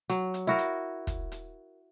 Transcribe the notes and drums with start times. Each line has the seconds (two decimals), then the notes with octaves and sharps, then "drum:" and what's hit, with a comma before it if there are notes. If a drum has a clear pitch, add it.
0.10 F#3, drum: hi-hat
0.34 drum: hi-hat
0.47 E4 F#4 A#4
0.58 drum: hi-hat
1.07 drum: kick, hi-hat
1.32 drum: hi-hat